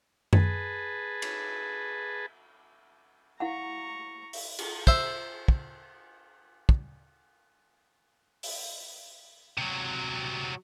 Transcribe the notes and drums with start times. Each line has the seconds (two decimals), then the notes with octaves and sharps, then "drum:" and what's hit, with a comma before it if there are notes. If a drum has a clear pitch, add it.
0.33 G#4 B4 A5, drum: tom F#2
1.22 drum: cymbal
3.40 E4 F5 F#5 A#5 C#6
4.33 drum: open hi-hat
4.58 drum: cymbal
4.87 C5 E5, drum: kick
5.48 drum: kick
6.69 drum: kick
8.43 drum: open hi-hat
9.58 C3 F#3